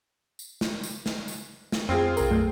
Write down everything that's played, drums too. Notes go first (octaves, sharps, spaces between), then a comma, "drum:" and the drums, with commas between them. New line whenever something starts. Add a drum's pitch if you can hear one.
drum: tambourine
drum: snare
drum: tambourine
drum: snare
drum: tambourine
drum: snare
F2 C4 F4 G#4
B1 A#4, drum: tambourine
F#2 A3 G5